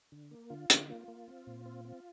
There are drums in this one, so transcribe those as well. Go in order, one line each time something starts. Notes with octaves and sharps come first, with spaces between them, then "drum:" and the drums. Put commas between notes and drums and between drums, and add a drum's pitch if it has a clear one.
D3
A#3
D3 F4
D3, drum: hi-hat
A#3 F4
A#3
C4
A#2
C4
C4